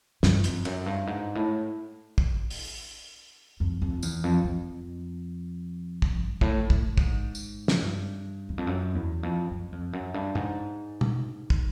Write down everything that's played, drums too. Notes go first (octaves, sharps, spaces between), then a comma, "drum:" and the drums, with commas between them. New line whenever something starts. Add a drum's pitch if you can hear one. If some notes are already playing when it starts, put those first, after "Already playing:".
G2, drum: snare
F2, drum: hi-hat
F#2, drum: cymbal
G2
G#2
A2
drum: kick
drum: open hi-hat
F2
F2
E2, drum: tambourine
F2
F2
drum: kick
G2
A2, drum: kick
A2, drum: kick
G#2, drum: kick
drum: tambourine
drum: snare
G2
E2
F2
F#2
E2
F2
F#2
F2
F#2
G2
G#2, drum: tom
drum: tom
drum: kick